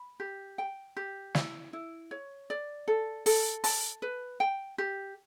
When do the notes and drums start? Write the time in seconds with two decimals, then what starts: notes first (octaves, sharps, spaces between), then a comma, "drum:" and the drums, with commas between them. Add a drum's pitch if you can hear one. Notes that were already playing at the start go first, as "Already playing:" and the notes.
Already playing: B5
0.20 G4
0.58 G5
0.97 G4
1.35 E4, drum: snare
1.73 E4
2.11 C#5
2.50 D5
2.88 A4
3.26 A4, drum: open hi-hat
3.64 A5, drum: open hi-hat
4.02 B4
4.40 G5
4.78 G4